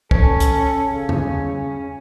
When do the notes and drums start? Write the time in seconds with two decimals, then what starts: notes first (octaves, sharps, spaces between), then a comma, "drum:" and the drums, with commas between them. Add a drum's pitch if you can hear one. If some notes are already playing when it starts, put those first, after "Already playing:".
0.11 C#4 A4, drum: kick
0.40 drum: hi-hat
0.88 C#3
1.09 drum: tom E2